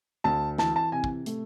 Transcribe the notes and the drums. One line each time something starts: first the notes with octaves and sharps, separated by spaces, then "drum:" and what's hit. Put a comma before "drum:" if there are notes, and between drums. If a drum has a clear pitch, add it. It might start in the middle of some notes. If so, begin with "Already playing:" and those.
D2 A5
E3 A5, drum: snare
A5
C3 G#5
drum: kick
A3, drum: hi-hat